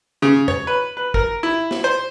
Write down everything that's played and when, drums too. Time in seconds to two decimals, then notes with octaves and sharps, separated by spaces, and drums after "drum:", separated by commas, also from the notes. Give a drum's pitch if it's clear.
0.22 C#3
0.48 C#5, drum: tom E2
0.67 B4
0.97 B4
1.14 A#4, drum: kick
1.43 E4
1.71 drum: snare
1.84 C5